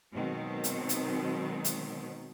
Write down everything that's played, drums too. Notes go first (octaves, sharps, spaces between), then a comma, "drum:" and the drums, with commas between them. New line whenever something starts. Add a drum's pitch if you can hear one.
B2 D#3 F#3 G#3 C4
drum: hi-hat
drum: hi-hat
drum: hi-hat